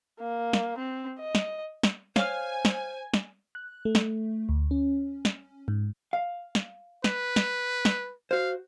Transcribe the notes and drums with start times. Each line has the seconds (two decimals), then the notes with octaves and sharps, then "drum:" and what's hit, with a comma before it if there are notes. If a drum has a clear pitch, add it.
0.20 A#3
0.53 drum: snare
0.78 C4
1.19 D#5
1.35 drum: snare
1.83 drum: snare
2.16 C5 C#5 F5 G#5 F6, drum: snare
2.65 drum: snare
3.14 drum: snare
3.55 F#6
3.85 A3
3.95 drum: snare
4.49 D2
4.71 C#4
5.25 drum: snare
5.68 G#2
6.13 F5
6.55 drum: snare
7.04 B4, drum: snare
7.36 drum: snare
7.85 drum: snare
8.31 F#4 C5 F5